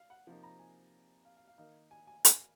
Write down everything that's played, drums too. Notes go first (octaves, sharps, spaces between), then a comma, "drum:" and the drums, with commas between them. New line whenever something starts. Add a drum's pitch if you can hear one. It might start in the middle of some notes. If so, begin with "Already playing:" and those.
Already playing: F5
F#5
C3 F3 A#3 D#4
A#5
G#5
F5
F5
F5
D#3 A#3 D#4 F5
G#5
G#5
G#5, drum: hi-hat